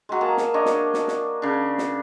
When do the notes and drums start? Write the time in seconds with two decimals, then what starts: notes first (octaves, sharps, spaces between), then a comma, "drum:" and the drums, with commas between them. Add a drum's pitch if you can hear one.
0.09 F#3 G#3
0.21 A#3 G#4 A5 A#5
0.37 drum: snare
0.54 D4 C#5 D#5
0.65 drum: snare
0.94 drum: snare
1.08 drum: snare
1.42 C#3 D4
1.78 drum: snare